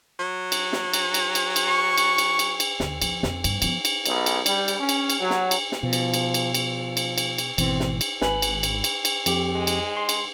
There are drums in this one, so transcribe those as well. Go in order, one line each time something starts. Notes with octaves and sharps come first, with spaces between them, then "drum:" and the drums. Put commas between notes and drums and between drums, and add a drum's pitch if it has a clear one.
F#3
drum: cymbal
drum: snare
drum: cymbal
drum: cymbal
drum: cymbal
drum: cymbal
C#6
drum: cymbal
drum: cymbal
drum: cymbal
drum: cymbal
D2, drum: snare
F3, drum: cymbal
F2, drum: snare
G2, drum: cymbal
F3 B3, drum: cymbal
drum: cymbal
B1, drum: cymbal
drum: cymbal
G3, drum: cymbal
drum: cymbal
C#4
drum: cymbal
drum: cymbal
F#3
drum: snare
drum: cymbal
drum: snare
B2 F3
drum: cymbal
drum: cymbal
drum: cymbal
F3, drum: cymbal
drum: cymbal
drum: cymbal
drum: cymbal
G#1 B2 E3 C4, drum: cymbal
drum: snare
drum: cymbal
G#1 B4 G#5 F#7, drum: snare
drum: cymbal
drum: cymbal
drum: cymbal
drum: cymbal
F2 G4, drum: cymbal
G#3
drum: cymbal
C6
drum: cymbal